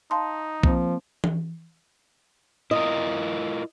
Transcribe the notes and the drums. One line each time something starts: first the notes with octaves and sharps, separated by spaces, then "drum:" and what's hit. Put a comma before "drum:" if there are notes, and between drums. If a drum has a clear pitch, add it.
D#4 F5 A5 C6
F3 A#3 C4, drum: kick B1
drum: tom E3
E4 F4 A#4 D#5